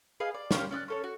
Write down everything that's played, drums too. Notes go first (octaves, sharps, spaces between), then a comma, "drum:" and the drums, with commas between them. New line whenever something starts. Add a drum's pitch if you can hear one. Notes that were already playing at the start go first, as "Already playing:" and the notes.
G#4 B4 D#5 F5
D5
A#3 C#4 G4 C5, drum: snare
C#4 D5 E6 F#6
C#4 A4 C#5
F#4